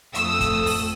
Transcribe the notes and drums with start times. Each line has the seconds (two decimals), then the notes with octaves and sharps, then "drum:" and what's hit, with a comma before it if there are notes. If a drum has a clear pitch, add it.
0.15 F2 A3 D#6 E6, drum: hi-hat
0.40 drum: kick, hi-hat
0.66 drum: open hi-hat